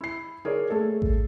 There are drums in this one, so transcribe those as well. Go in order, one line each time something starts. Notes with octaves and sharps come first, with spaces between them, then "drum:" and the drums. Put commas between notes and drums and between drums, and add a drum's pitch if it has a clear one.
E4 C7
G#4 A#4 C#5 D5
A3 G#4 A4
drum: kick A1